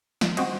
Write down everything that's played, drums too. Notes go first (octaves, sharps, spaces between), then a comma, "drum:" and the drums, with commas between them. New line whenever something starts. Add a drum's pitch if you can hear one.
D#3 F3, drum: snare
C4 F#4 C5 D#5, drum: cymbal